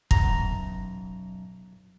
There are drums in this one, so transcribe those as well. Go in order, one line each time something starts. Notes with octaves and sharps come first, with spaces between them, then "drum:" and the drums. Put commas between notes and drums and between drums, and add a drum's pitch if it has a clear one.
B1 F#2 A#5, drum: kick